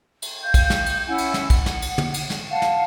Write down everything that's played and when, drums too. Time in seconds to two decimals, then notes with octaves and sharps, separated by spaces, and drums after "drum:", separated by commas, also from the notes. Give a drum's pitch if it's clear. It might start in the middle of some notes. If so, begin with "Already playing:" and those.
0.22 drum: cymbal
0.43 F5 G6
0.54 drum: kick, cymbal
0.70 drum: snare
0.86 drum: cymbal
1.07 C#4 E4 F#5 G#5
1.18 drum: cymbal
1.34 drum: snare
1.50 F#5, drum: kick, cymbal
1.66 drum: snare
1.82 drum: cymbal
1.98 drum: tom
2.14 drum: cymbal
2.30 drum: snare
2.51 F5 F#5 A5
2.62 drum: snare